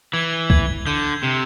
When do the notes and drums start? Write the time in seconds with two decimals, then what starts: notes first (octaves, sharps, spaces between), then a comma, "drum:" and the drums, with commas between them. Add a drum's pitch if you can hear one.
0.13 E3 G#6
0.50 G#6, drum: kick
0.86 D3 G6
1.23 C3